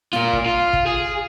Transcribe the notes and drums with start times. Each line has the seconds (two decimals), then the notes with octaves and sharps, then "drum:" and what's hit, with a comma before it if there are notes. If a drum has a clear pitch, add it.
0.13 A#3 F4, drum: snare
0.33 drum: kick
0.46 F4
0.73 drum: kick
0.86 G#4